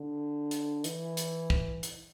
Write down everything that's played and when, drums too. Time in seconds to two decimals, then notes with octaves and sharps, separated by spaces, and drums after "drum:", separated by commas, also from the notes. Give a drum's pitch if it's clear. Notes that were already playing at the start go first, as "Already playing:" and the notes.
Already playing: D3
0.51 drum: hi-hat
0.84 E3, drum: hi-hat
1.17 drum: hi-hat
1.50 drum: kick
1.83 drum: hi-hat